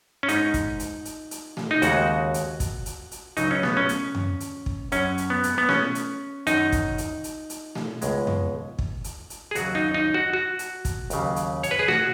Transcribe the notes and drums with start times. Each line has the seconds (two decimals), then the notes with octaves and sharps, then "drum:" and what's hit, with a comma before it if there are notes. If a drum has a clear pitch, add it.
0.23 C#4
0.29 G#2 G#3 D#4, drum: hi-hat
0.54 drum: kick, hi-hat
0.80 drum: hi-hat
1.05 drum: hi-hat
1.31 drum: hi-hat
1.57 drum: snare A3
1.71 D#4
1.82 D#2 C#3 G#3 F#4, drum: hi-hat
2.34 drum: hi-hat
2.60 drum: kick, hi-hat
2.86 drum: hi-hat
3.12 drum: hi-hat
3.37 C#2 C#3 F#3 D#4, drum: hi-hat
3.51 C#4
3.63 B3, drum: snare A3
3.77 C#4
3.89 drum: hi-hat
4.15 drum: tom F2
4.40 drum: hi-hat
4.66 drum: kick
4.92 F#2 F#3 C#4, drum: hi-hat
5.18 drum: hi-hat
5.30 B3
5.43 drum: hi-hat
5.58 B3
5.69 C#4, drum: snare A3
5.95 drum: hi-hat
6.47 F#2 D#3 F#3 D#4, drum: hi-hat
6.72 drum: kick, hi-hat
6.98 drum: hi-hat
7.24 drum: hi-hat
7.50 drum: hi-hat
7.75 drum: snare A3
8.01 C#2 B2 G#3, drum: hi-hat
8.27 drum: tom F2
8.79 drum: kick
9.04 drum: hi-hat
9.30 drum: hi-hat
9.51 G#4
9.55 D#2 C#3 F#3 F#4, drum: hi-hat
9.75 D#4
9.94 D#4
10.14 F#4
10.33 F#4
10.59 drum: hi-hat
10.85 drum: kick, hi-hat
11.10 D#2 C#3 F#3, drum: hi-hat
11.36 drum: hi-hat
11.63 C#5, drum: hi-hat
11.71 B4
11.79 G#4
11.88 F#4, drum: snare A3